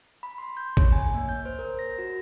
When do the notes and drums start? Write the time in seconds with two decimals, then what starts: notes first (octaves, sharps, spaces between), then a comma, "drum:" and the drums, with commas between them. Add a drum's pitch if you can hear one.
0.23 B5
0.38 C6
0.57 G6
0.77 C#5, drum: kick
0.92 G#5
1.14 A#3
1.29 G6
1.45 C5
1.59 A#4
1.79 A#6
1.98 F#4